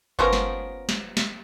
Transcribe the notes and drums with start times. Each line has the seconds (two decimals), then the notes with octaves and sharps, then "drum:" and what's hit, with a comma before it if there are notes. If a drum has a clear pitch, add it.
0.19 F3 B3 C#4 A#4, drum: kick G1
0.33 drum: snare
0.89 drum: snare
1.17 drum: snare